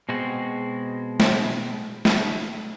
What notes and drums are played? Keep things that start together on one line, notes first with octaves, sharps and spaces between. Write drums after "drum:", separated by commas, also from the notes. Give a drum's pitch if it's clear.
B2 G#3 C4 F#4
drum: snare
drum: snare